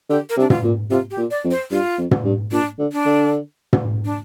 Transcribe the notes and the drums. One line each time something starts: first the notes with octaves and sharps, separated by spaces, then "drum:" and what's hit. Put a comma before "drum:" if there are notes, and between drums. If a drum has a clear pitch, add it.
D3 G4
A#4
C3
D4
F4, drum: tom
A#2
C3 F4
G4
A#2
D5
F2
C5
G2 F4
F2
drum: tom
G2
A#2 D4
D3
D4
D3
drum: tom
D4